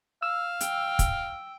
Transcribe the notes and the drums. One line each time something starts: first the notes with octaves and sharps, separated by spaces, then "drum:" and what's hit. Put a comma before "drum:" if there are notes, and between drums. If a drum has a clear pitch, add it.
F5 E6
G5, drum: hi-hat
drum: kick, hi-hat